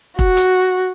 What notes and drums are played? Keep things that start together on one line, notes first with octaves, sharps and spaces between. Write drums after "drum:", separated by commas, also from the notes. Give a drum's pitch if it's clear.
F#4, drum: kick
drum: hi-hat